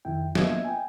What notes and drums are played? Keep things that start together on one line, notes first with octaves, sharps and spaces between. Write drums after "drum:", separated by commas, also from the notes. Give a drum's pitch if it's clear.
F2 D#3 E4 G5
A#3 B3 F4 D#5 E5 G#6, drum: snare
G5 G#5